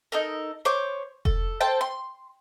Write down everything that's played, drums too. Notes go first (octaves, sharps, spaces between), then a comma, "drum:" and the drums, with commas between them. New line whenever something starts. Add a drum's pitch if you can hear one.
D#4 A4 A#4
C5 C#5 D6
A4, drum: kick F1
A4 C5 G5 A5
C6